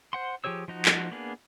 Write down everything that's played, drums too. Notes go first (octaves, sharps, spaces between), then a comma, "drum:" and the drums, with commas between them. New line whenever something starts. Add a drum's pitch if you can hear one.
C5 F#5 C6
F3 G4 G#4 C#5 E6
F3 D#4 F#4
drum: clap
A#3 B3 D4 G#4